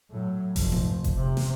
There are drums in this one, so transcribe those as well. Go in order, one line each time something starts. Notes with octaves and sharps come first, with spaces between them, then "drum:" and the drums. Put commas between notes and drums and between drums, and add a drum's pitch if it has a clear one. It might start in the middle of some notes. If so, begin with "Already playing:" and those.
A2 F#3
F1 F3, drum: kick F#1, open hi-hat
drum: tom G#2
drum: kick F#1, hi-hat
C3
drum: snare